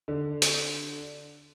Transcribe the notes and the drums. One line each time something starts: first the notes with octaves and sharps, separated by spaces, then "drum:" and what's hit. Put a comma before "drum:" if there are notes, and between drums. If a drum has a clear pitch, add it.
D3
drum: hi-hat